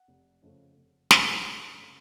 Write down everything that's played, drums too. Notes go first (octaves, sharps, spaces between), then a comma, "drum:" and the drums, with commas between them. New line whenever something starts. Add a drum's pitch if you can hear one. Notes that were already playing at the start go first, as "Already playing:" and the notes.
Already playing: F#5
F1
F2 C#3 A3
F1
F2 C#3 A3, drum: snare
C#6
C6
A#5
F1 A5
C#3 A3